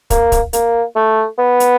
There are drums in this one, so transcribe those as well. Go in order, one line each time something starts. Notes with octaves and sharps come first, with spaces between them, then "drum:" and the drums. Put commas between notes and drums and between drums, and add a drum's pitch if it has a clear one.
A#3, drum: kick, hi-hat
drum: kick, hi-hat
A#3, drum: hi-hat
A3
B3
drum: hi-hat